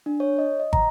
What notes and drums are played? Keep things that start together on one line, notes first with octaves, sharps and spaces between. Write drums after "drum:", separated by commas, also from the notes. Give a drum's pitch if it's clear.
D4
C#5
D#5
D#5
A#5, drum: kick